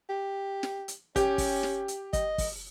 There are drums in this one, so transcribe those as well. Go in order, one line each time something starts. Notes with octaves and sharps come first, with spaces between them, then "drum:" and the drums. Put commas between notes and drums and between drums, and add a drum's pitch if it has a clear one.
G4
drum: snare
drum: hi-hat
C#4 G4, drum: kick, hi-hat
drum: kick, open hi-hat
drum: snare
drum: hi-hat
D#5, drum: kick, hi-hat
drum: kick, open hi-hat